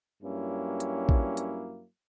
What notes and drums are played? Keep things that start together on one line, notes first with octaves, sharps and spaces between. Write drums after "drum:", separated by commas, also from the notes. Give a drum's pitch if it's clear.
G2 F#3 A#3 C#4 E4
drum: hi-hat
drum: kick A1
drum: hi-hat